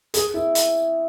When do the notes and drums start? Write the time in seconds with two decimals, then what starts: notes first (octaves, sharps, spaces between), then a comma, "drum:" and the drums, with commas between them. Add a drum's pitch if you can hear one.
0.14 G#4, drum: hi-hat
0.34 E4
0.55 drum: hi-hat